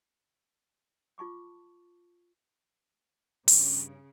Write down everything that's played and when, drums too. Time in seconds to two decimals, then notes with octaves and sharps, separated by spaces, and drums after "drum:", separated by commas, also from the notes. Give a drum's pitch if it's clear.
1.18 F4 A5 C#6 D6
3.48 G2 C#3, drum: open hi-hat